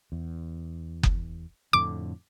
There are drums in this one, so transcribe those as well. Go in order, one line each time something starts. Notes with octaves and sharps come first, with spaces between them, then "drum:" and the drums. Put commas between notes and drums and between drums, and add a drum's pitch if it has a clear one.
E2
drum: kick F#1
F2 A2 D3 D6